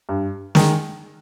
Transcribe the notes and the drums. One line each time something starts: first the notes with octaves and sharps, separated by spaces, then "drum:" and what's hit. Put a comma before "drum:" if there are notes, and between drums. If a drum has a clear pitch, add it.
G2
D#3 G#3, drum: snare